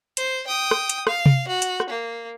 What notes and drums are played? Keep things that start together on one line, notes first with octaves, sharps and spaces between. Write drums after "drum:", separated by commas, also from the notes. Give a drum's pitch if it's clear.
C5, drum: hi-hat
G5 D#6
drum: rim click
drum: hi-hat
F5, drum: rim click
drum: tom C3
F#4
drum: hi-hat
drum: rim click
A#3